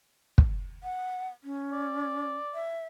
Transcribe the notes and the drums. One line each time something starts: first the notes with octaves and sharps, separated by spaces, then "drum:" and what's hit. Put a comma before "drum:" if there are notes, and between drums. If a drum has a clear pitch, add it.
drum: kick
F#5
C#4
D5
E5